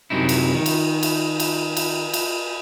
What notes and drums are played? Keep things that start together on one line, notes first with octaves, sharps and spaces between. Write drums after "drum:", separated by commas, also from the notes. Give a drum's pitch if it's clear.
F#2 C3 F#3 D#4 E4
drum: cymbal
D#3
drum: cymbal
drum: cymbal
drum: cymbal
drum: cymbal
drum: cymbal